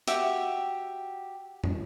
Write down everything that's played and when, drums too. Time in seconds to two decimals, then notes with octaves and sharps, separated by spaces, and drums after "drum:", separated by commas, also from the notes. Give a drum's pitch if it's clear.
0.07 F#4 G4 E5 G5, drum: hi-hat
1.64 drum: tom